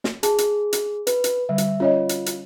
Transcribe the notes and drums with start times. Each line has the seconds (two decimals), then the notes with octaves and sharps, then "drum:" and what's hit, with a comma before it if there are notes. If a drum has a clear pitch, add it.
0.04 drum: snare
0.23 G#4 A5, drum: hi-hat
0.38 drum: hi-hat
0.73 drum: hi-hat
1.07 B4, drum: hi-hat
1.24 drum: hi-hat
1.49 D3 G3 E5
1.58 drum: hi-hat
1.80 C#4 F4 C#5 D#5
2.09 drum: hi-hat
2.26 drum: hi-hat